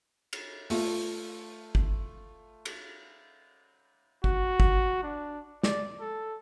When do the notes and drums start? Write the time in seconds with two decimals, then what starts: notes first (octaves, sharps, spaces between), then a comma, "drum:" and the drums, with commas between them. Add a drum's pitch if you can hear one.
0.33 drum: cymbal
0.70 A3 F4, drum: open hi-hat
1.75 drum: kick G1
2.65 drum: cymbal
4.24 F#4, drum: kick G1
4.60 drum: kick G1
5.03 D4
5.63 D5, drum: snare
6.01 A4